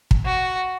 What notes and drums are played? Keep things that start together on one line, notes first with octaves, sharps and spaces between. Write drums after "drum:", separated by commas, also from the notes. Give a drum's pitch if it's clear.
drum: kick
F#4